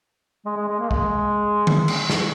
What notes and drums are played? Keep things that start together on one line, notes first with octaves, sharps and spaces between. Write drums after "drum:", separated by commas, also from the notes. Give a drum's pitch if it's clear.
G#3
G#3
G#3
A#3
G#3, drum: kick
drum: tom D3
drum: cymbal
drum: snare